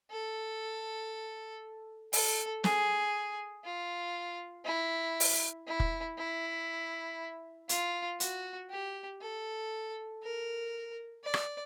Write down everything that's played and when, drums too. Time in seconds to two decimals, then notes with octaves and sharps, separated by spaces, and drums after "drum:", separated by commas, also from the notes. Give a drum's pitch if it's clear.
0.11 A4
2.13 A4, drum: open hi-hat
2.64 G#4, drum: snare
3.64 F4
4.65 E4
5.20 drum: open hi-hat
5.67 E4
5.80 drum: kick
6.18 E4
7.69 F4, drum: hi-hat
8.20 F#4, drum: hi-hat
8.70 G4
9.21 A4
10.22 A#4
11.24 D5
11.34 drum: rim click